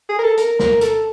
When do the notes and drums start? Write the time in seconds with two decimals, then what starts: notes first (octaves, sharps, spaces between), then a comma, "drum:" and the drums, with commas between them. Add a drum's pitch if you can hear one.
0.09 G#4
0.19 A#4
0.23 A4
0.37 A#4, drum: hi-hat
0.59 A#4, drum: snare
0.81 A4, drum: hi-hat